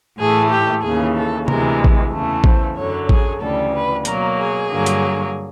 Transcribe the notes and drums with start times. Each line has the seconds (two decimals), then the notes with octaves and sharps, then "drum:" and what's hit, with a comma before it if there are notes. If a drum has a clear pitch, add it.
0.18 A2 E3 A3 G#4
0.50 G4
0.83 D#2 C#3 E3 G#4
1.15 A4
1.48 D2 C3 E3 G#3 A#4, drum: tom C3
1.84 drum: kick A1
2.12 E2 C#3 E3 A3
2.44 C5, drum: kick A1
2.76 F#2 D3 F#3 C#5
3.09 G#4, drum: kick A1
3.41 D2 C#3 E3 G3 A4
3.73 B4
4.05 B2 F#3 A#3 A#4, drum: hi-hat
4.38 G#4
4.71 G2 D3 F#3 A#3
4.86 drum: hi-hat